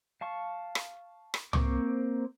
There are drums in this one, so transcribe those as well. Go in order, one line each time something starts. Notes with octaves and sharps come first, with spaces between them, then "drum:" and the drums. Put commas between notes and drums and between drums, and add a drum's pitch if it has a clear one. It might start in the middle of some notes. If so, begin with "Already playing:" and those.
F5 A5 C#6
drum: rim click
drum: rim click
A#3 C4 C5 C#6 D6, drum: tom